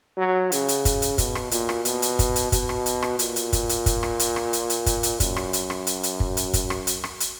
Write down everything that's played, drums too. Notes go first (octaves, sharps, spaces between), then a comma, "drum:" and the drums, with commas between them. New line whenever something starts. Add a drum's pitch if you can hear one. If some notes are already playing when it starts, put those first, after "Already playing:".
F#3
C#3, drum: hi-hat
drum: hi-hat
drum: kick, hi-hat
drum: hi-hat
B2, drum: kick, hi-hat
drum: rim click
A#2, drum: hi-hat
drum: rim click
B2, drum: hi-hat
drum: hi-hat
drum: kick, hi-hat
drum: hi-hat
B2, drum: kick, hi-hat
drum: rim click
drum: hi-hat
drum: rim click
A#2, drum: hi-hat
drum: hi-hat
drum: kick, hi-hat
drum: hi-hat
drum: kick, hi-hat
drum: rim click
drum: hi-hat
drum: rim click
drum: hi-hat
drum: hi-hat
drum: kick, hi-hat
drum: hi-hat
F#2, drum: kick, hi-hat
drum: rim click
drum: hi-hat
drum: rim click
drum: hi-hat
drum: hi-hat
drum: kick
drum: hi-hat
drum: kick, hi-hat
drum: rim click
drum: hi-hat
drum: rim click
drum: hi-hat